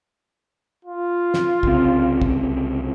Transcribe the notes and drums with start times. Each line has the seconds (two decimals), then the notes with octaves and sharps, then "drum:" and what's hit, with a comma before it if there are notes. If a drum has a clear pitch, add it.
0.85 F4
1.34 drum: snare
1.63 C2 C#3 C4, drum: kick
2.22 drum: kick